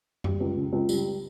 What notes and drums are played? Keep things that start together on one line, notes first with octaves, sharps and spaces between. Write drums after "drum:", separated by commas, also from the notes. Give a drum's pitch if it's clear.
G3, drum: tom F#2
C#2
C#3
C#2
G3, drum: tambourine